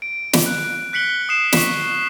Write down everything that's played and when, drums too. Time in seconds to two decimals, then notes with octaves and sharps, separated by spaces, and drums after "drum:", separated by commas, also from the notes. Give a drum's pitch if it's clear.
0.02 D7
0.33 drum: snare
0.46 F#6
0.93 F#6 B6 C#7 F#7 G7
1.29 D#6 C7 E7
1.53 C#6 B6, drum: snare